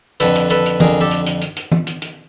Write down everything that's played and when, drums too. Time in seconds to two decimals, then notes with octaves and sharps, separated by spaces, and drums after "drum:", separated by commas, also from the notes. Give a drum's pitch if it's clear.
0.20 F2 D3 A4 B4, drum: hi-hat
0.35 drum: hi-hat
0.50 A4 B4, drum: hi-hat
0.66 drum: hi-hat
0.80 F2 D3 G#4 A#4, drum: tom E3
1.01 G4 A4
1.11 drum: hi-hat
1.26 drum: hi-hat
1.41 drum: hi-hat
1.56 drum: hi-hat
1.72 drum: tom E3
1.87 drum: hi-hat
2.02 drum: hi-hat